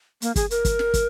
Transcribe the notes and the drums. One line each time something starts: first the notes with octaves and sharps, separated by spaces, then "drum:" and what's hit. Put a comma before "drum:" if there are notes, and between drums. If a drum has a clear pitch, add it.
A#3, drum: hi-hat
G#4, drum: kick, hi-hat
A#4, drum: hi-hat
drum: kick, hi-hat
drum: snare
drum: kick, hi-hat